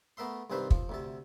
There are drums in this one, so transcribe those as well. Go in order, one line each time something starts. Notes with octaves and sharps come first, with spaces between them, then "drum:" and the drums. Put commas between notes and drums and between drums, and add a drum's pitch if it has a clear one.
A3 B3 A#4 E5 C6
C2 G2 D#3 C4 B4 C5
F3, drum: kick
D2 C3 A4